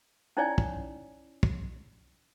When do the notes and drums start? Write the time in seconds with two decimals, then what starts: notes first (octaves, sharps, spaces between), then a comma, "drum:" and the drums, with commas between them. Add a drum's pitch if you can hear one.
0.37 C#4 D#4 E4 C#5 D5 G#5
0.58 drum: kick
1.43 drum: kick